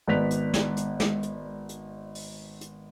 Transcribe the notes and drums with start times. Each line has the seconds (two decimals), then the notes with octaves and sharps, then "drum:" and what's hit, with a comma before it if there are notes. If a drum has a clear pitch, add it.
0.08 G#1 B3 D5 F#6 B6 F7
0.31 drum: hi-hat
0.54 drum: snare
0.77 drum: hi-hat
1.00 drum: snare
1.23 drum: hi-hat
1.69 drum: hi-hat
2.15 drum: open hi-hat
2.61 drum: hi-hat